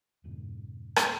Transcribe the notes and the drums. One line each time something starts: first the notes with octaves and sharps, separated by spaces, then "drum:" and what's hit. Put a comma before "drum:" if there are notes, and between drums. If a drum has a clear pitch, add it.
F2 G#2 B2 D3
drum: rim click